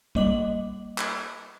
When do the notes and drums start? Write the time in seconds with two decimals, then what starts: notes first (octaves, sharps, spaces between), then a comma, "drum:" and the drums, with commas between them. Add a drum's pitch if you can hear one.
0.15 G3 A#3 D#5 D6 F#7, drum: kick
0.98 drum: clap